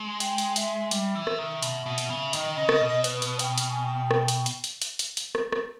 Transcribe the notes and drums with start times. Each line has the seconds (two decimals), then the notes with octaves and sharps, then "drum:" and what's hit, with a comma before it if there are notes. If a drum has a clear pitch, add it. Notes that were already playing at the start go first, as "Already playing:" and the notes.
Already playing: G#3
0.20 G5, drum: hi-hat
0.38 drum: hi-hat
0.56 E5, drum: hi-hat
0.91 G3 E5, drum: hi-hat
1.15 E3
1.27 drum: rim click
1.38 D#3
1.62 B2, drum: hi-hat
1.86 B2
1.98 drum: hi-hat
2.09 C#3
2.33 D#3 D#5, drum: hi-hat
2.57 C#3
2.69 drum: rim click
2.81 B2
3.04 B4, drum: hi-hat
3.22 B4, drum: hi-hat
3.39 G5, drum: hi-hat
3.58 G5, drum: hi-hat
3.71 G#5
3.84 G5
4.11 drum: rim click
4.28 drum: hi-hat
4.46 drum: hi-hat
4.64 drum: hi-hat
4.82 drum: hi-hat
4.99 drum: hi-hat
5.17 drum: hi-hat
5.35 drum: rim click
5.52 drum: rim click